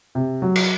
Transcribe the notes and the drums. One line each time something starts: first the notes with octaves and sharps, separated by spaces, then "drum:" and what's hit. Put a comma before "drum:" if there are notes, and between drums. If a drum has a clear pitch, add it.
C3
F#3
drum: cymbal